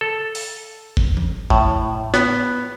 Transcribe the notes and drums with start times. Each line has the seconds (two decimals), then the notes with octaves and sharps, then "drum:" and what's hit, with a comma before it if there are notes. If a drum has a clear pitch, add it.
0.01 A4
0.35 drum: open hi-hat
0.97 drum: kick G1
1.17 drum: tom E3
1.50 A2, drum: kick G1
2.14 B3, drum: snare